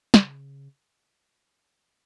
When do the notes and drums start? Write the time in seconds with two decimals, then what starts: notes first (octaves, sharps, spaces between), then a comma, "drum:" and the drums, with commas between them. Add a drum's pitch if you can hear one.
0.14 C#3, drum: snare